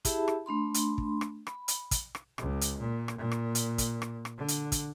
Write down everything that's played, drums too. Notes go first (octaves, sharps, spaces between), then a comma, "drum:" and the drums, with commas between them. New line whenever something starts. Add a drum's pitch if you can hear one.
E4 G4 G#4 E5 A5 B5, drum: kick, hi-hat
drum: rim click
A3 D4 B5 C6
drum: hi-hat
drum: kick
drum: rim click
B5, drum: rim click
drum: hi-hat
drum: kick, hi-hat
drum: rim click
C#2, drum: rim click
drum: hi-hat
A#2
drum: rim click
A#2
drum: rim click
drum: hi-hat
drum: kick, hi-hat
drum: rim click
drum: rim click
D3
drum: hi-hat
drum: kick, hi-hat